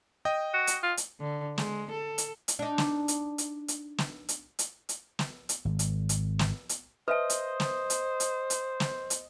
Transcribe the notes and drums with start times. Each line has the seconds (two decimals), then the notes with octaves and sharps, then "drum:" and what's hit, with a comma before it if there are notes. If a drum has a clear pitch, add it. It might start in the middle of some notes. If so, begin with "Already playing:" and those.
0.25 D#5 G5 D#6
0.54 F#4
0.67 drum: hi-hat
0.83 F4
0.97 drum: hi-hat
1.20 D3
1.58 G#3, drum: snare
1.91 A4
2.18 drum: hi-hat
2.48 drum: hi-hat
2.59 D4 D#4
2.78 drum: snare
3.08 drum: hi-hat
3.38 drum: hi-hat
3.68 drum: hi-hat
3.98 drum: snare
4.29 drum: hi-hat
4.59 drum: hi-hat
4.89 drum: hi-hat
5.19 drum: snare
5.49 drum: hi-hat
5.65 G#1
5.79 drum: hi-hat
6.09 drum: hi-hat
6.39 drum: snare
6.69 drum: hi-hat
7.08 B4 C5 D#5 E5 A5
7.30 drum: hi-hat
7.60 drum: snare
7.90 drum: hi-hat
8.20 drum: hi-hat
8.50 drum: hi-hat
8.80 drum: snare
9.10 drum: hi-hat